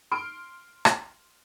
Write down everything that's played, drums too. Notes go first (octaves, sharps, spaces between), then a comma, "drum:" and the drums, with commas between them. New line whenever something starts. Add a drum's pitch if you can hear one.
C6 F6 D7
drum: rim click